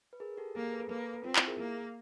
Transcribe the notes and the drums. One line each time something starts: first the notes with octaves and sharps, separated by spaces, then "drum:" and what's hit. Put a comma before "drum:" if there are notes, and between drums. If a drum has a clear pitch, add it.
B4
G#4 A#4
G4 A4
A#3 G#4 A#4
A4 B4
A#3 A4 B4
C4 F4
E4, drum: clap
G#4 A#4
A#3